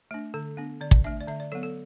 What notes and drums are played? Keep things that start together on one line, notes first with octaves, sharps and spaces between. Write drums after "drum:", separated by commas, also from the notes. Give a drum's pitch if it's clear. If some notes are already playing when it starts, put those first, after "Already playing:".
A3 D4
D3 A4
B3 D4
D3 D5
drum: kick
A3 D4 E5
D5
D3 E5
D5
F#3 B3 A4
A4